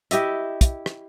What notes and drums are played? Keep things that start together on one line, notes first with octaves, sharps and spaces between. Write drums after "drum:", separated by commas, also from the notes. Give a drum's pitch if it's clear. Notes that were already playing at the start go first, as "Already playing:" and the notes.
E4 G4 D#5 E5, drum: hi-hat
drum: kick, hi-hat
drum: rim click